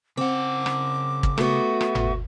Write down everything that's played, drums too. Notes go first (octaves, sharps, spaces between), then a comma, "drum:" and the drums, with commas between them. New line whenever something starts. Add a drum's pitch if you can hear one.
C#3 C4 F#5 D6
drum: rim click
drum: kick
A3 B3 F#4, drum: rim click
drum: rim click
drum: tom G1